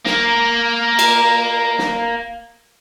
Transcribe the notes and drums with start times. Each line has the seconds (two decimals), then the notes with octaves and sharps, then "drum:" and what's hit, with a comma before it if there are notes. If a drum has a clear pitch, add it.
0.06 A#3 A#4, drum: snare
0.99 drum: cymbal
1.79 drum: snare